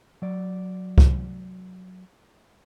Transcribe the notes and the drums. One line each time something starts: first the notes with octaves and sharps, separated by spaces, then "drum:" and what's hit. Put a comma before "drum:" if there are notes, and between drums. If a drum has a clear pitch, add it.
F#3 D5
drum: kick C2